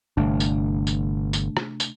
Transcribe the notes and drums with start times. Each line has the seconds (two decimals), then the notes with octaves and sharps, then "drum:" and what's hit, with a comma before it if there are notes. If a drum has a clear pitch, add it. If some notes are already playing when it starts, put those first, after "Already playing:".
0.17 G1 C3 A3 D4
0.40 drum: tambourine
0.87 drum: tambourine
1.33 drum: tambourine
1.57 drum: rim click
1.80 drum: tambourine